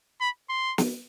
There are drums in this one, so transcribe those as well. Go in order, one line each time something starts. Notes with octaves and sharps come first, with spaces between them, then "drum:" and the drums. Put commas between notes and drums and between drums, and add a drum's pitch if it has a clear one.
B5
C6
drum: snare